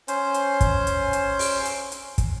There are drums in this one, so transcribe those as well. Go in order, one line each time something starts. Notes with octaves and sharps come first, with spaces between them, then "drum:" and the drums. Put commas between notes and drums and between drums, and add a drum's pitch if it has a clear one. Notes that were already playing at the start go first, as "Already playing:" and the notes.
C#4 C5, drum: hi-hat
drum: hi-hat
drum: kick, hi-hat
drum: hi-hat
drum: hi-hat
drum: open hi-hat
drum: hi-hat
drum: hi-hat
drum: kick, hi-hat